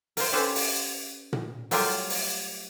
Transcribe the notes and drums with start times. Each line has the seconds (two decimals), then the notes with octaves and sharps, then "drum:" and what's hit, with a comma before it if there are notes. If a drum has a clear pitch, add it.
0.17 A#4 C5, drum: open hi-hat
0.32 C#4 G4 A4 B4 C5
0.55 drum: open hi-hat
1.33 drum: tom A#2
1.71 F#3 G3 A3 F4 G4 A#4, drum: open hi-hat
2.10 drum: open hi-hat